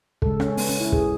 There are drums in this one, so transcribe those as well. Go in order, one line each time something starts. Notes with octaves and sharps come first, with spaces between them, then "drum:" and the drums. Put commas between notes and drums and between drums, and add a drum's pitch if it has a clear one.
C#3 G#3 A4, drum: kick
C#4, drum: rim click
B3, drum: open hi-hat
C#4
E4
G#4, drum: kick